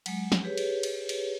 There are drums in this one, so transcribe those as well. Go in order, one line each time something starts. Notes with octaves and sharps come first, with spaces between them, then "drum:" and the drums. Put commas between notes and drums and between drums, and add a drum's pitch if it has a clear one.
F#3 G#3, drum: cymbal
drum: snare
G4 G#4 B4 C#5
drum: cymbal
drum: cymbal
drum: cymbal